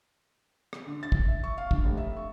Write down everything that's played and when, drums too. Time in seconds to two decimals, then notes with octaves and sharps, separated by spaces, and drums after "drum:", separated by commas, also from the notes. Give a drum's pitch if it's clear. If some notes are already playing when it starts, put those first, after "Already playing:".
0.73 drum: rim click
0.87 D3
1.03 A6
1.12 drum: kick
1.28 E5
1.44 C#6
1.58 F5
1.71 D3, drum: kick
1.85 F1
1.97 E5
2.17 C#6